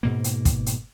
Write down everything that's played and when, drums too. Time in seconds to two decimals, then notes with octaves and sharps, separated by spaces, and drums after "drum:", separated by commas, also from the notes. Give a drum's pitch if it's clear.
0.03 G#2 B2 A#3
0.24 drum: hi-hat
0.45 drum: kick, hi-hat
0.66 drum: hi-hat